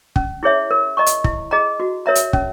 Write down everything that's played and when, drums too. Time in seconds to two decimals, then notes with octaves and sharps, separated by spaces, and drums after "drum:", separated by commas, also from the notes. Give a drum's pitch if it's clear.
0.16 C#4, drum: kick
0.43 E4 G#4 C#5 E5
0.71 A#4
0.97 D#5 A#5 C#6
1.06 drum: hi-hat
1.24 E4, drum: kick
1.51 G#4 D#5 A#5
1.80 F#4
2.06 A#4 C#5 E5 A#5
2.15 drum: hi-hat
2.33 C#4, drum: kick